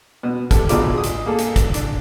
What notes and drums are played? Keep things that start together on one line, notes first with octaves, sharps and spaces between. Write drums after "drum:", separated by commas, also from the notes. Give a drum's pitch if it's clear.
B2
G4 A4, drum: kick, hi-hat
G#1 D2 B2 G#3 F4 D5, drum: hi-hat
G#4 D#6
drum: hi-hat
A#3 G#4 A4
drum: hi-hat
drum: kick, hi-hat
D4, drum: hi-hat